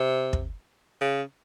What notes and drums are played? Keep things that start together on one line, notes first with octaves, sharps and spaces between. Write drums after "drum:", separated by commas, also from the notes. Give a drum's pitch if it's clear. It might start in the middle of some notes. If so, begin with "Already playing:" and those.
Already playing: C3
drum: kick
C#3